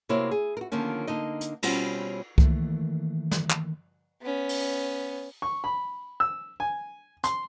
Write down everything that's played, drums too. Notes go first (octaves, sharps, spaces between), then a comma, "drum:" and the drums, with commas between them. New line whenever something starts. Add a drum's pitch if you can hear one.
C3 A#3 E4 F#4 C5 C#5
G#4
F#4 A#4
D3 D#3 F3 A#3 C#4
D3 A#3 D#4 D#5
drum: hi-hat
B2 G3 C4 C#4 F4 F#5, drum: cymbal
D#3 E3 A3 A#3, drum: kick C2
drum: snare
drum: clap
B3 C#4
drum: open hi-hat
C#6
B5
E6
G#5
C6, drum: hi-hat